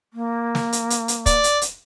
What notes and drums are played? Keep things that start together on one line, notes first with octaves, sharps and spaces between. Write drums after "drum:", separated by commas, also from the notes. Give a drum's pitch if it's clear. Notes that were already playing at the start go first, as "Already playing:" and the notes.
A#3
drum: snare
drum: hi-hat
drum: hi-hat
drum: hi-hat
D5, drum: kick, hi-hat
drum: hi-hat
drum: hi-hat